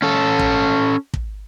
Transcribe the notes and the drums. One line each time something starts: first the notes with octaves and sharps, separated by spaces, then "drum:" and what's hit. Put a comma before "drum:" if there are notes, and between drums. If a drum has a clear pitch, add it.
C#4 A4
drum: kick
drum: kick